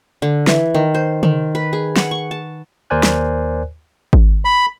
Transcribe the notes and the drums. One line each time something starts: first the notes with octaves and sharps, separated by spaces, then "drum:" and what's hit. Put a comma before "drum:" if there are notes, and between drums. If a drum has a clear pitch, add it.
D3
E3, drum: snare
D#3
C5
D#3, drum: tom
B4
G#4
F#5, drum: snare
C#6
A5
D#2 A#4 C5 D5 G#5 F#6
drum: snare
drum: kick G#1
B5